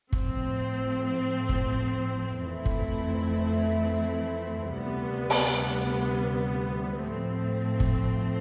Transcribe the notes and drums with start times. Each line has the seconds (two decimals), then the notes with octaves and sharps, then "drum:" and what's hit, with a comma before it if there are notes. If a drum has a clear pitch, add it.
0.12 A2 F3 C4, drum: kick
1.49 drum: kick
2.41 F2 E3 A3 C4 E4
2.65 drum: kick
4.72 D2 C3 G3 B3
5.30 drum: open hi-hat
7.02 A2 F3 A3 C4
7.80 drum: kick